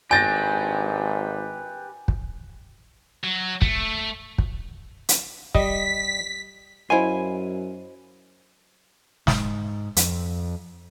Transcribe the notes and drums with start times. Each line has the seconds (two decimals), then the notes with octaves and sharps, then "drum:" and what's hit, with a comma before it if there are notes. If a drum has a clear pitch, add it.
0.11 G#1 G4 B4 G#5 G6 A6 A#6
2.08 drum: kick
3.24 F#3
3.62 A3, drum: kick
4.38 drum: kick
5.09 drum: hi-hat
5.55 G3 D#5 B6, drum: kick
6.90 F#2 E4 C5 D#5 F5 G#5 C6 D#7
9.27 G#2, drum: snare
9.97 F2, drum: hi-hat